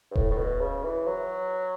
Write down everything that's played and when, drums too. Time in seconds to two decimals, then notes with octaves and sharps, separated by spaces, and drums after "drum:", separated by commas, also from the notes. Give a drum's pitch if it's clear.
0.11 G2
0.15 A2, drum: kick D#1
0.31 A2
0.38 B2
0.61 C#3
0.84 E3
1.07 F#3